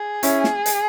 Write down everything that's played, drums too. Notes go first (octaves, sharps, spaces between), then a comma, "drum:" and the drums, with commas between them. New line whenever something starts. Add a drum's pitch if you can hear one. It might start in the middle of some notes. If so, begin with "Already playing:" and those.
Already playing: G#4
C#4 E4, drum: hi-hat
drum: snare
drum: hi-hat